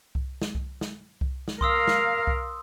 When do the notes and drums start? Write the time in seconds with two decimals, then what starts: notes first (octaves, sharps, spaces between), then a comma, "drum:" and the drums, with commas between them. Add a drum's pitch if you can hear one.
0.15 drum: kick C2
0.42 drum: snare
0.55 drum: kick C2
0.81 drum: snare
1.21 drum: kick C2
1.48 drum: snare
1.61 A#4 F5 C6 D#6 E6, drum: kick C2
1.88 drum: snare
2.27 drum: kick C2